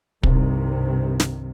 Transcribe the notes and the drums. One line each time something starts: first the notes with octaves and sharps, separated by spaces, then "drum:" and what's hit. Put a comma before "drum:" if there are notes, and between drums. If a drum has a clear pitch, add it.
C2 G2 C3 D#3, drum: kick
drum: snare